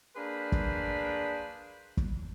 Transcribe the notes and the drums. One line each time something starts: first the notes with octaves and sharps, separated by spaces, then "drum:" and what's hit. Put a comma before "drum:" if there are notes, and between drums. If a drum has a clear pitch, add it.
A#3 D4 G#4 B4 C5 B5
drum: kick
drum: kick